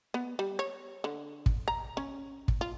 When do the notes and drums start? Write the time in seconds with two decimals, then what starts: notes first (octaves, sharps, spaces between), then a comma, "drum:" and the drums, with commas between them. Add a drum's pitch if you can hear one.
0.14 B3
0.39 G3
0.59 C#5
1.04 D3
1.46 drum: kick
1.68 A#5
1.97 C#4
2.48 drum: kick
2.61 F4